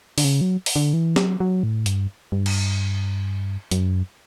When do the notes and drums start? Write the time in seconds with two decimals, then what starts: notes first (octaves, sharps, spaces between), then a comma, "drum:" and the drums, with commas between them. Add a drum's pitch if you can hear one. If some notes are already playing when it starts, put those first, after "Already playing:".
0.18 D3, drum: open hi-hat
0.24 C#3
0.41 F#3
0.66 drum: open hi-hat
0.76 D3
0.93 E3
1.16 F#3, drum: snare
1.40 F#3
1.63 A2
1.86 G2, drum: hi-hat
2.32 G2
2.46 drum: cymbal
3.71 F#2, drum: hi-hat